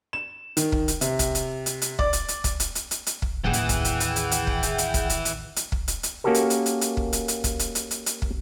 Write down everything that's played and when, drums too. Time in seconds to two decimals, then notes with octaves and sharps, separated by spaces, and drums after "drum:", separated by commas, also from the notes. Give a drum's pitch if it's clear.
0.13 E7
0.57 D#3, drum: hi-hat
0.72 drum: kick
0.88 drum: hi-hat
1.01 C3, drum: hi-hat
1.19 drum: kick, hi-hat
1.35 drum: hi-hat
1.66 drum: hi-hat
1.82 drum: hi-hat
1.99 D5, drum: kick
2.13 drum: hi-hat
2.28 drum: hi-hat
2.44 drum: kick, hi-hat
2.60 drum: hi-hat
2.75 drum: hi-hat
2.91 drum: hi-hat
3.07 drum: hi-hat
3.22 drum: kick
3.44 A1 D#2 E3 G#4 F#5 G5
3.53 drum: hi-hat
3.69 drum: kick, hi-hat
3.85 drum: hi-hat
4.00 drum: hi-hat
4.16 drum: hi-hat
4.31 drum: hi-hat
4.47 drum: kick
4.63 drum: hi-hat
4.78 drum: hi-hat
4.94 drum: kick, hi-hat
5.10 drum: hi-hat
5.25 drum: hi-hat
5.56 drum: hi-hat
5.72 drum: kick
5.88 drum: hi-hat
6.03 drum: hi-hat
6.24 A#3 C#4 F#4 G4 A4 A#4
6.34 drum: hi-hat
6.50 drum: hi-hat
6.66 drum: hi-hat
6.81 drum: hi-hat
6.97 drum: kick
7.13 drum: hi-hat
7.28 drum: hi-hat
7.44 drum: kick, hi-hat
7.59 drum: hi-hat
7.75 drum: hi-hat
7.91 drum: hi-hat
8.06 drum: hi-hat
8.22 drum: kick